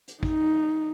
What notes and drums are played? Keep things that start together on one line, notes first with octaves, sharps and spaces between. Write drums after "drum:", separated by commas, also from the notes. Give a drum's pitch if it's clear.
drum: hi-hat
D#4, drum: kick